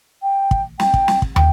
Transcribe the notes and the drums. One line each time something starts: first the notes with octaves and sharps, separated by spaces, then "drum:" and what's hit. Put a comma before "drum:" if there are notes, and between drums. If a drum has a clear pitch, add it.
G5
drum: kick
G5, drum: snare
drum: kick
drum: snare
drum: kick
G5, drum: tom